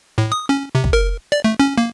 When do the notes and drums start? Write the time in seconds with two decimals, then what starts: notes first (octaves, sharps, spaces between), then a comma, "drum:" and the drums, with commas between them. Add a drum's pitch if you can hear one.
0.18 A2
0.32 D#6
0.49 C#4
0.75 C3
0.84 drum: kick
0.93 A#4
1.32 D5
1.44 A3
1.60 C#4
1.78 A#3